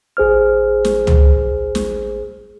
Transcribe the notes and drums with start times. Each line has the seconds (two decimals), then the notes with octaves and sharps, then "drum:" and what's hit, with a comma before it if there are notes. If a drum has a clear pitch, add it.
0.17 A1 G#4 C5 F6
0.85 drum: snare
1.07 drum: tom C#2
1.75 drum: snare